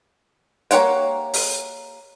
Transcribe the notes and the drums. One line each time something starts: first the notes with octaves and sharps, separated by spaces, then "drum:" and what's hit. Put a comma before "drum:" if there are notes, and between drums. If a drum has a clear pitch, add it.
A#3 G4 C#5 F#5 G5, drum: hi-hat
drum: open hi-hat